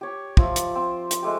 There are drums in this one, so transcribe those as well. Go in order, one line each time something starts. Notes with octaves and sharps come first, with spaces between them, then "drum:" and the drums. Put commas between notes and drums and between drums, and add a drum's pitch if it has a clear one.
G4 C#5
F3 E5, drum: kick
drum: hi-hat
C4
drum: hi-hat
G#3 A3 G4